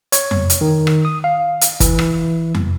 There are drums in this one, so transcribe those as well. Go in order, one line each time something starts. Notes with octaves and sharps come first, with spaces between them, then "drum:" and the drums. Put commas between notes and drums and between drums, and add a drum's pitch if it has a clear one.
C#5, drum: hi-hat
drum: tom F2
drum: hi-hat
D#3
drum: rim click
D#6
F5
drum: hi-hat
E3, drum: kick G1, hi-hat
drum: rim click
drum: tom F2